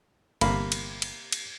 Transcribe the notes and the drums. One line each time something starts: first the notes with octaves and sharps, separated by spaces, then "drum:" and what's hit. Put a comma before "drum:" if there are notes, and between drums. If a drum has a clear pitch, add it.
G1 C3 A#3 B5, drum: cymbal
drum: cymbal
drum: cymbal
drum: cymbal